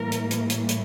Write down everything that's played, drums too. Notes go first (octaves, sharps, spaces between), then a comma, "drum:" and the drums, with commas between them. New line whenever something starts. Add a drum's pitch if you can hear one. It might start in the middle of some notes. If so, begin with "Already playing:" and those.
Already playing: A2 E3 G3 A#3 A#4
drum: hi-hat
drum: hi-hat
drum: hi-hat
drum: hi-hat